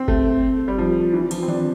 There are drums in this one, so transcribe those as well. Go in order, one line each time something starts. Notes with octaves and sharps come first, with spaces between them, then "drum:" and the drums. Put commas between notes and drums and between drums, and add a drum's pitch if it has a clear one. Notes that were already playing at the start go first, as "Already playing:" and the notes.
Already playing: C4
A3, drum: kick G1
G3
F3
E3
F3, drum: cymbal
C4
D4, drum: tom D#3